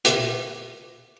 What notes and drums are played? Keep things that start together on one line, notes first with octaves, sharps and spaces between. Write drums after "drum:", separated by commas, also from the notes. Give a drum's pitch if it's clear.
G4 A#4 E5, drum: hi-hat